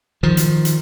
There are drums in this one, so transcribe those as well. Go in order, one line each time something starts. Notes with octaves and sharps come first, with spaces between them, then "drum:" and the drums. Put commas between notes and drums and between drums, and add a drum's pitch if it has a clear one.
D#3 F3
drum: hi-hat
drum: hi-hat